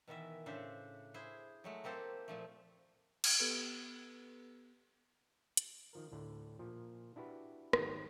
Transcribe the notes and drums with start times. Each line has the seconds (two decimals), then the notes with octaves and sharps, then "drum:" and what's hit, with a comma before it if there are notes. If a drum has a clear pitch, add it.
0.08 B2 D#3 E3 E5
0.46 A2 C#3 D4 C5 E5
1.14 E4 G#4 C5
1.64 F#3 G#3 A3
1.84 A#3 C4 G4 A4 C5
2.28 A#2 F3 A3
3.24 drum: cymbal
3.39 B3 G4 A4 B4 B5 E6
5.57 drum: hi-hat
5.93 D#3 F3 A#4
6.12 D2 A2 D3
6.59 A#2 F3
7.16 D4 E4 F#4 G4 B4
7.73 G#2 D#3 G#3 F#4 G4, drum: rim click